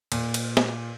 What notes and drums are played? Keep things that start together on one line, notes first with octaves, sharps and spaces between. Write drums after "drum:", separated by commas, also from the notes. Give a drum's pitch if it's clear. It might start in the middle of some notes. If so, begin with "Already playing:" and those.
A#2, drum: cymbal
drum: cymbal
drum: snare